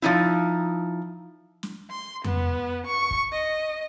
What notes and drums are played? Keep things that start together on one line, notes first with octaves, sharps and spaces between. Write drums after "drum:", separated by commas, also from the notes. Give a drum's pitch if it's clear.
F3 G#3 D#4 E4
drum: snare
C6
B3, drum: tom F2
C#6
drum: kick
D#5